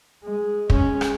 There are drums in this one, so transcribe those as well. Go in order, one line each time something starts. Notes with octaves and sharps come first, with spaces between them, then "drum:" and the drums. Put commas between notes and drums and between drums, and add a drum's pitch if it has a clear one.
G#3
G#3 C#4, drum: kick
drum: rim click